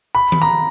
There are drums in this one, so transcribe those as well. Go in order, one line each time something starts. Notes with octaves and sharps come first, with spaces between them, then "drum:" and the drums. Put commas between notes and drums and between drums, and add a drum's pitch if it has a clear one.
B5
drum: tom D#3
A#5